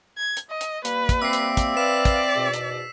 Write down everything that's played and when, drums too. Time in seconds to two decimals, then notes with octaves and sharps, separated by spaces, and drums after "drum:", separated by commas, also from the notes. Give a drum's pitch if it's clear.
0.17 G#6
0.37 drum: hi-hat
0.50 D#5
0.61 drum: hi-hat
0.85 G3 A#3 B4, drum: hi-hat
1.09 drum: kick, hi-hat
1.22 C4 E5 D6 E6 C7
1.33 drum: hi-hat
1.57 drum: kick, hi-hat
1.77 B4 D5 F5 B6 E7
2.05 drum: kick, hi-hat
2.36 E2 G#2 B2
2.54 drum: hi-hat